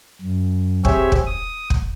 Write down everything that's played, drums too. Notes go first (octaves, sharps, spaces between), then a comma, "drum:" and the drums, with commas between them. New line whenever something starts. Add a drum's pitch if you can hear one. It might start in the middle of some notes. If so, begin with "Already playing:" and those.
F#2
C4 G4 G#4 C#5 E5, drum: kick
drum: kick
D#6
drum: kick